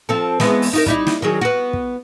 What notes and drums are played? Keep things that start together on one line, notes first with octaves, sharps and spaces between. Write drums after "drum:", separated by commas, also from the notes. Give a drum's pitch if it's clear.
F3 C4 A4
E3 G#3 B3, drum: snare
drum: open hi-hat
D#4 F4 A#4
G3 D#4 E4, drum: kick
drum: snare
D#3 F#3 G#4
B3 F#4
drum: kick